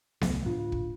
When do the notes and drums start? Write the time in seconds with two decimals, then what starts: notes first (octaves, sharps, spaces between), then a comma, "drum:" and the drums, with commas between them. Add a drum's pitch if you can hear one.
0.21 D#1 C2 A3, drum: snare B3
0.46 D1 A2 D4 F4
0.72 drum: kick